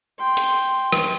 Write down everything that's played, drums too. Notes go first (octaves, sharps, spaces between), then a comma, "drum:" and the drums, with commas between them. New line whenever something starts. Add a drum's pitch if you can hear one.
G5 C6
drum: hi-hat
drum: rim click